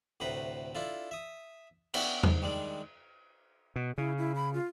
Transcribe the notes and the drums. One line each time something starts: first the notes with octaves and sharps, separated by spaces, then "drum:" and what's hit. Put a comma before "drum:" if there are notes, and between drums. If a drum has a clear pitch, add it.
D2 A2 C3 B4 A#5 B5
D4 E4 F4 A4
E5 D#6
B3 C#4 D4 B4 E5 G5, drum: cymbal
G#2, drum: tom E2
D#3 G3 G#3 D4
B2
C#3 E4
E4
B5
F4